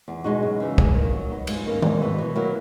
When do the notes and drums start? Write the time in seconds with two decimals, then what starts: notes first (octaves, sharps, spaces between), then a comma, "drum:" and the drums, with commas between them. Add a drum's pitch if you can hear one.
0.08 E2
0.24 B2 G#3 D#4 F#4
0.42 F#2
0.60 C#3 E3
0.78 G#2, drum: kick
0.95 D#3 A#3
1.13 F#3
1.31 B3 D#4
1.47 G#2, drum: cymbal
1.66 D#3 A#3 C#4
1.82 G#2, drum: tom D#3
2.01 E3 B3 F#4
2.18 B2
2.35 F#3 A#3 E4 A#4